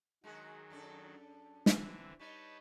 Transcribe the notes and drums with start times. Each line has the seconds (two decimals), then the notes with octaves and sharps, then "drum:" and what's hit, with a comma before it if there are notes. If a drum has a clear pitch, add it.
0.24 D#3 F#3 G#3 F#4 G#4
0.70 F#2 D4 A4
1.66 D3 E3 C4, drum: snare
2.19 G3 D#4 B4 C#5 A5